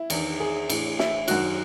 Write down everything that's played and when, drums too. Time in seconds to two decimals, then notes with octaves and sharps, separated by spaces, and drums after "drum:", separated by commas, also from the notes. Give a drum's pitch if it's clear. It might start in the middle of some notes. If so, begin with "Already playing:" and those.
Already playing: E4
0.10 E2 D#3, drum: cymbal
0.40 G#4
0.70 A2 E3, drum: cymbal
0.99 E4, drum: snare
1.28 F#2 D#3 F#4, drum: cymbal